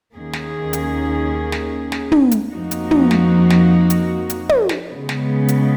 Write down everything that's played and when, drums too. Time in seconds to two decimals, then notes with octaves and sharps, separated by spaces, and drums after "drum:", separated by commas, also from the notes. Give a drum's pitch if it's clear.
0.13 D#2 D#3 A#3 C#4 G#4
0.33 drum: snare
0.73 drum: hi-hat
1.52 drum: snare
1.92 drum: snare
2.12 drum: tom
2.31 drum: hi-hat
2.52 F2 F3 A#3 D#4 F#4
2.71 drum: hi-hat
2.91 drum: tom
3.11 drum: snare
3.50 drum: snare
3.90 drum: hi-hat
4.30 drum: hi-hat
4.49 drum: tom
4.69 drum: snare
4.89 C#3 G#3 B3
5.09 drum: snare
5.48 drum: hi-hat